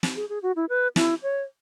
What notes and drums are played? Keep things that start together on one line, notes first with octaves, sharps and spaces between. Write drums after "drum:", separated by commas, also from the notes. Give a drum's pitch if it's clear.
drum: snare
G#4
G#4
F#4
E4
B4
E4, drum: snare
C#5